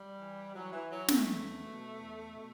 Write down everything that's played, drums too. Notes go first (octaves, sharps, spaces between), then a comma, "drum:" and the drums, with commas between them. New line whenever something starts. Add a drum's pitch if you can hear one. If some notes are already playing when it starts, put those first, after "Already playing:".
Already playing: G3
E3
E3 F#3
E3
E3 F#3
A3, drum: snare
E2
B2
E2
B2